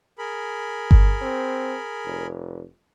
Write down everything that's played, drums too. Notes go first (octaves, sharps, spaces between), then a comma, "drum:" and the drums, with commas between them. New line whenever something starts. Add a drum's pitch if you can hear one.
G#4 A#4 B5
drum: kick G1
C4
F1